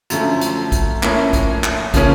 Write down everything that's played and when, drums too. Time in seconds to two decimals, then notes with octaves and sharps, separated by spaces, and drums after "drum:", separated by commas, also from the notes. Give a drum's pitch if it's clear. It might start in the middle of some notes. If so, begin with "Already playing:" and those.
0.10 F#2 D3 F3 A3, drum: hi-hat
0.41 drum: hi-hat
0.72 drum: kick, hi-hat
1.03 A2 F3 A#3 C#4 E4, drum: clap
1.33 drum: kick, hi-hat
1.64 drum: clap
1.94 C#3 F3 A#3 C#4, drum: kick, hi-hat